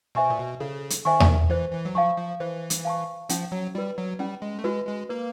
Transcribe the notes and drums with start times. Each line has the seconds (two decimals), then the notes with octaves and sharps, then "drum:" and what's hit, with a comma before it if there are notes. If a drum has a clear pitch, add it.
0.15 B2 C5 E5 G#5 C#6
0.30 A#2
0.38 B2
0.60 C#3 A4
0.90 drum: hi-hat
1.05 D#3 C5 E5 G#5 C#6
1.20 drum: tom E2
1.50 E3 C5
1.73 E3
1.85 F#3
1.95 F3 F5 A5 C#6
2.18 F3
2.40 E3 C5
2.70 drum: hi-hat
2.85 F5 A5 C#6
3.29 F3 C#4, drum: hi-hat
3.52 F#3
3.75 G3 F#4 B4
3.98 F#3
4.19 G3 C#4
4.42 G#3
4.59 A3
4.64 G#3 F#4 B4
4.87 G#3
5.09 A#3 B4